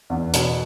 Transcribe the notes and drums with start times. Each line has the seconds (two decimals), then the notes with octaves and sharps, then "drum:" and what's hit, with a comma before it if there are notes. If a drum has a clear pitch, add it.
0.10 E2
0.34 B2, drum: hi-hat